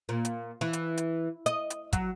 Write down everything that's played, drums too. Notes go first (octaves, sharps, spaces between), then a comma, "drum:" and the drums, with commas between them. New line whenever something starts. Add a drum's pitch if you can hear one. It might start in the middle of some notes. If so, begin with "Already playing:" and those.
A#2
drum: hi-hat
E3
drum: hi-hat
drum: hi-hat
D#5, drum: hi-hat
drum: hi-hat
F#3, drum: kick, hi-hat